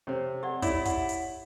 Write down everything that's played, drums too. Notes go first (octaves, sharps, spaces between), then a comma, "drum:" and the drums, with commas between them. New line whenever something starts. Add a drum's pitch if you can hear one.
C3 C5 C#5
G4 D5 F#5
E4 C#5 D5, drum: kick, hi-hat
F#5 B5, drum: kick, hi-hat
drum: hi-hat